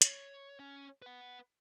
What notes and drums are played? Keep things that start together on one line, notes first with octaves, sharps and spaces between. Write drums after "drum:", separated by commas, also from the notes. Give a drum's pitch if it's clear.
C#5, drum: hi-hat
C#4
B4 F#5